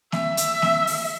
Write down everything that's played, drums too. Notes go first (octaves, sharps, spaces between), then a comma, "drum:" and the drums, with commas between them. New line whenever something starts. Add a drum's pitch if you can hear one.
E5, drum: snare A#3
drum: hi-hat
drum: snare A#3
drum: open hi-hat